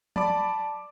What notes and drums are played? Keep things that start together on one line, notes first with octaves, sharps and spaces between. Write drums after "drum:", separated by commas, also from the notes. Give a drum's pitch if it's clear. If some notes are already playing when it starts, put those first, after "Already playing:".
D5 A5 B5 D6, drum: tom F3